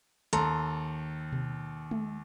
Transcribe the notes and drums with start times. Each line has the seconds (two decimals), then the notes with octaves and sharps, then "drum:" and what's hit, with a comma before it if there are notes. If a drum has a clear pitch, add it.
0.33 D#2 A4 A#5 C6, drum: hi-hat
1.33 drum: tom B2
1.91 drum: tom G#3